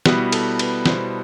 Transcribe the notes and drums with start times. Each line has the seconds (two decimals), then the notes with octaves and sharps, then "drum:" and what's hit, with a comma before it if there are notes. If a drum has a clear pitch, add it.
0.06 B2 G3 B3 E4 F#4, drum: snare
0.32 A4, drum: cymbal
0.59 B4, drum: cymbal
0.86 B2 G3 B3 E4 C5, drum: snare